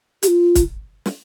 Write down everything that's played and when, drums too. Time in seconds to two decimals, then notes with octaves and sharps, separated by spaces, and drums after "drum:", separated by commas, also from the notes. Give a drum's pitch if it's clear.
0.23 G4, drum: hi-hat
0.27 F4
0.55 drum: kick, hi-hat
1.06 drum: snare